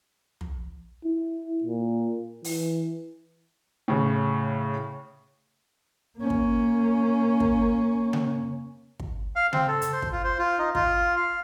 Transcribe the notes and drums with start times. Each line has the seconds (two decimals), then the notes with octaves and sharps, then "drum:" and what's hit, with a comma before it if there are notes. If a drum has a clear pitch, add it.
0.41 drum: tom
1.05 E4
1.64 A#2
2.44 E3, drum: open hi-hat
3.88 A2 C#3
6.18 A#3 C#4
6.30 drum: kick
7.40 drum: kick
8.13 drum: tom C#3
8.99 drum: kick
9.36 F5
9.53 C4, drum: tom C#3
9.68 A4
9.82 drum: hi-hat
9.92 C5
10.02 drum: kick
10.12 F4
10.24 C5
10.39 F4
10.59 D#4
10.75 F4, drum: kick
11.16 F5